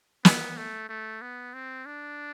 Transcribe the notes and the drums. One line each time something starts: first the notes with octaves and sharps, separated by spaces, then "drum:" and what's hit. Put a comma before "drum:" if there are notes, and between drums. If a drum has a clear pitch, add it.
B3, drum: snare
A3
A3
B3
C4
D4